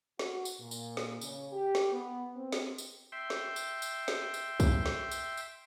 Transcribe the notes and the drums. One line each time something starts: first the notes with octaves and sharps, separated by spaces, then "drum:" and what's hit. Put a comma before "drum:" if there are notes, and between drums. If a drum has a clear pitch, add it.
F#4, drum: snare
drum: tambourine
A#2
drum: tambourine
drum: snare
C#3, drum: tambourine
G4
drum: snare
B3
C4
drum: snare
drum: tambourine
E5 G5 C6
drum: snare
drum: tambourine
drum: tambourine
drum: snare
drum: tambourine
drum: kick, tambourine
drum: snare
drum: tambourine
drum: tambourine